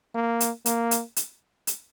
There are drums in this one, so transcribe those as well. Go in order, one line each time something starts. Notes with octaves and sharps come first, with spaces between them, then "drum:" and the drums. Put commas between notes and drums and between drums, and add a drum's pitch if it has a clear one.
A#3
drum: hi-hat
A#3, drum: hi-hat
drum: hi-hat
drum: hi-hat
drum: hi-hat